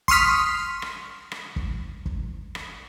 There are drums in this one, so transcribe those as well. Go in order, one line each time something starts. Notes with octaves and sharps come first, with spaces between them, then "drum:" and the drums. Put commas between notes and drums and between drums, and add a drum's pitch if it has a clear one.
C6 C#6 D#6 F6 B6, drum: kick G1
drum: rim click
drum: rim click
drum: kick G1
drum: kick G1
drum: rim click